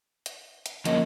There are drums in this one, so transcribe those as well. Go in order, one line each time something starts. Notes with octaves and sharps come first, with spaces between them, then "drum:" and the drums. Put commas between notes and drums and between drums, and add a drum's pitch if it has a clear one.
drum: hi-hat
drum: hi-hat
F3 A#3 C#4 D#5, drum: hi-hat